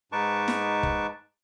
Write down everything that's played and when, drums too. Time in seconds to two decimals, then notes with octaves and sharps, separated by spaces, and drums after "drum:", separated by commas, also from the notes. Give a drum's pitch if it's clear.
0.12 G#2 D#4 B4 A5 C#6 D6
0.48 drum: snare
0.83 drum: kick